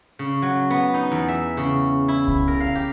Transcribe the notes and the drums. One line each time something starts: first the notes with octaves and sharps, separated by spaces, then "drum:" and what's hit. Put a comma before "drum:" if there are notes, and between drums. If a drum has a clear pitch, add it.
C#3
F#3
B3
D#4
E2
E5
C#3
E4
drum: kick C2
A#4
F5
G4